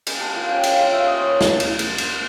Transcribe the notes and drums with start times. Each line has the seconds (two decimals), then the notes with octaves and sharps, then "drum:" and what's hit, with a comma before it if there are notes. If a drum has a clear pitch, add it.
0.07 G#3 G#5, drum: cymbal
0.21 G#3 A5
0.35 F4 G#5
0.49 C#4 G5
0.63 G#3 F5, drum: cymbal
0.78 G#3 F5
0.92 F4 E5
1.07 C#4 D#5
1.18 C5 C#5
1.41 drum: snare
1.60 drum: cymbal
1.79 drum: cymbal
1.98 drum: cymbal